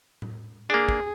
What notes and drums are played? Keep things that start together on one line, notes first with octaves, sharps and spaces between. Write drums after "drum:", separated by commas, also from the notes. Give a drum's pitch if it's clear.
drum: tom A2
A#3 D4 G#4
drum: kick